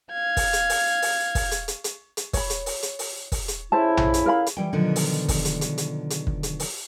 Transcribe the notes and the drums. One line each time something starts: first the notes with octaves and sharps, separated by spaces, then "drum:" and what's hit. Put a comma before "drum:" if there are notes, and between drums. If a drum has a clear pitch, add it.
F5 G#6
drum: kick, open hi-hat
drum: hi-hat
drum: open hi-hat
drum: open hi-hat
drum: kick, open hi-hat
drum: hi-hat
drum: hi-hat
drum: hi-hat
drum: hi-hat
C#5 B5, drum: kick, open hi-hat
drum: hi-hat
drum: open hi-hat
drum: hi-hat
drum: open hi-hat
drum: kick, open hi-hat
drum: hi-hat
F2 C#3 E4 C5 E5 A5
drum: tom A#1
drum: hi-hat
A#4 F5 B5
drum: hi-hat
E3 G3 G5
B2 D3 D#3 F3 F#3
drum: open hi-hat
drum: kick, open hi-hat
drum: hi-hat
drum: hi-hat
drum: hi-hat
drum: hi-hat
drum: kick
drum: hi-hat
drum: open hi-hat